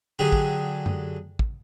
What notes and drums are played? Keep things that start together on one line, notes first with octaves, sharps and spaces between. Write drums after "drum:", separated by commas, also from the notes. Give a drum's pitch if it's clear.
D3 F#3 G4 G#4
drum: kick
drum: tom F#2
drum: kick